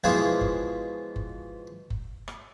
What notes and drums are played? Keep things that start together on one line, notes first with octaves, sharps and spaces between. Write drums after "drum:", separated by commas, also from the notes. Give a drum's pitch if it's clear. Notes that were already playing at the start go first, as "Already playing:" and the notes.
B2 E3 F3 G#3 F4 G#4
drum: kick F#1
drum: kick F#1
drum: kick F#1
drum: rim click